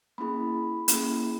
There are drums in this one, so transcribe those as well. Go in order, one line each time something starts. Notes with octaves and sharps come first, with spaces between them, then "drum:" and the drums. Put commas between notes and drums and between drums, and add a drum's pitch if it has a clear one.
A#3 C#4 E4 G#4 B5
A#3 C#4 E4 G#4, drum: hi-hat